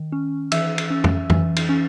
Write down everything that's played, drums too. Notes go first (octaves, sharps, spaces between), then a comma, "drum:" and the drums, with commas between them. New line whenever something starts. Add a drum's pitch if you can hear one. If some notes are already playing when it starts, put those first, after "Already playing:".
Already playing: D#3
C#4
E3 E5 E6, drum: cymbal
drum: cymbal
C#4
drum: tom F2
E3, drum: tom F2
drum: cymbal
C#4